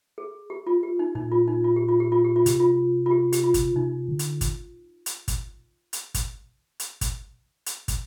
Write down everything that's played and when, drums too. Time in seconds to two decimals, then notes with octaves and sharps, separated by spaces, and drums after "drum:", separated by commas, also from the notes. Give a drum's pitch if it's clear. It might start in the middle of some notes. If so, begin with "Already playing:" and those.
0.18 G#4
0.50 G4
0.67 F4
0.83 G4
0.99 D#4
1.15 A#2 D#4
1.32 F4
1.48 D#4
1.64 F4
1.76 G4
1.89 F4
2.00 G4
2.12 F4
2.24 G4
2.36 F4
2.46 C3 G4, drum: hi-hat
2.60 F4
3.06 F4
3.11 G4
3.33 G4, drum: hi-hat
3.43 F4
3.54 drum: kick, hi-hat
3.76 C3 D#4
4.08 D3
4.19 drum: hi-hat
4.41 drum: kick, hi-hat
5.06 drum: hi-hat
5.28 drum: kick, hi-hat
5.93 drum: hi-hat
6.14 drum: kick, hi-hat
6.80 drum: hi-hat
7.01 drum: kick, hi-hat
7.66 drum: hi-hat
7.88 drum: kick, hi-hat